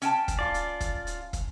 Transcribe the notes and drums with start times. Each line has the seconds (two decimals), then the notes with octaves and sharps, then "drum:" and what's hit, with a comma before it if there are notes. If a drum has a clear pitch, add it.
0.02 C#4 G5 A5, drum: hi-hat
0.28 drum: kick, hi-hat
0.39 F4 D5
0.54 drum: hi-hat
0.80 drum: kick, hi-hat
1.07 drum: hi-hat
1.33 drum: kick, hi-hat